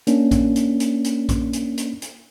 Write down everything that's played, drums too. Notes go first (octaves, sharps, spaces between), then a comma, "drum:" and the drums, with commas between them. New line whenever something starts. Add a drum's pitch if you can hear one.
A#3 C#4 D4, drum: hi-hat
drum: kick A#1, hi-hat
drum: hi-hat
drum: hi-hat
drum: hi-hat
drum: kick A#1, hi-hat
drum: hi-hat
drum: hi-hat
drum: hi-hat